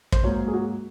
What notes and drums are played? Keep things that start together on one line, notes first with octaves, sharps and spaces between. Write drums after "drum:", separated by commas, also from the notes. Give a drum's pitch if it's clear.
C5, drum: kick
G#2 F#3 A#3 C#5
G#4
F#4